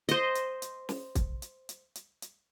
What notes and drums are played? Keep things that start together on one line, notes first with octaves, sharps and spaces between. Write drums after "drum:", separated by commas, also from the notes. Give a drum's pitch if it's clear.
C5 D#5, drum: hi-hat
drum: hi-hat
drum: hi-hat
drum: snare
drum: kick, hi-hat
drum: hi-hat
drum: hi-hat
drum: hi-hat
drum: hi-hat